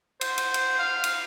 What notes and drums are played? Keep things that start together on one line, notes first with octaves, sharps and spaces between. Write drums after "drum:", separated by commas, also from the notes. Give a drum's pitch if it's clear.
C5, drum: cymbal
drum: cymbal
drum: cymbal
F5
drum: cymbal